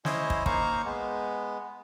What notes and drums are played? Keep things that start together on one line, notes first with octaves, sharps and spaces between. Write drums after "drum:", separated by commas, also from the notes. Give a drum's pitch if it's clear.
C#4 E4 C5 C#5 D#5, drum: snare
drum: kick
A#3 D#4 C5 F5 A#5 C#6, drum: kick
G#3 B3